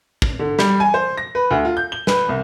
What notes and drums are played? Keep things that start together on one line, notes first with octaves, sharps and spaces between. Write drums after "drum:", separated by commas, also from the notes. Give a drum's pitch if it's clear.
drum: kick
D3
G3, drum: snare
G#5
C5
A#6
B4
D2
F4
G6
G7
B4, drum: snare
C2